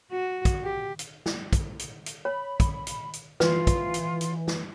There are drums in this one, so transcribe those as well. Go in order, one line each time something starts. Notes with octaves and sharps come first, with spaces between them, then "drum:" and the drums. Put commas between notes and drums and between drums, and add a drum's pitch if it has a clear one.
F#4
drum: kick, hi-hat
G4
drum: hi-hat
drum: snare
drum: kick, hi-hat
drum: hi-hat
drum: hi-hat
C#5 B5
drum: kick, hi-hat
drum: hi-hat
drum: hi-hat
E3 F4 B4, drum: snare
drum: kick, hi-hat
drum: hi-hat
drum: hi-hat
drum: snare